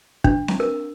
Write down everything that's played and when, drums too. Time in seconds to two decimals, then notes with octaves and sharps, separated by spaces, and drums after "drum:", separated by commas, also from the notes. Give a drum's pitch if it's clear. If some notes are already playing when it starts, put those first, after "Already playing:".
0.24 D4, drum: kick
0.48 drum: snare C4
0.60 A#4